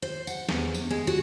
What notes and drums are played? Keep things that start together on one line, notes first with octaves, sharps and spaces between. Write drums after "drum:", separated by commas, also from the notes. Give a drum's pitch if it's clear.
C5
F#5, drum: tambourine
E2, drum: snare
drum: tambourine
G#3
F#4